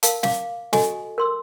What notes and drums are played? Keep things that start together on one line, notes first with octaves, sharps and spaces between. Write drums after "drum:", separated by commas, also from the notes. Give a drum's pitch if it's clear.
A#4 F5 A5, drum: hi-hat
F5 D6, drum: snare
F#4 A4 D#5 G#5 C#6, drum: snare
A#4 C6 E6